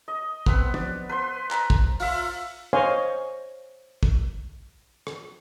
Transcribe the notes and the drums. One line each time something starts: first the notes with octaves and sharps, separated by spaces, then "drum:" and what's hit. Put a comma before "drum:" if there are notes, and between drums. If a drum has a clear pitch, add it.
D#5
B3 C4 B4, drum: kick
D5, drum: tom
B4 C5 C6
A#5, drum: clap
drum: kick
F4 E5, drum: open hi-hat
C5 C#5 D#5 F5 G#5 C6
drum: kick
drum: rim click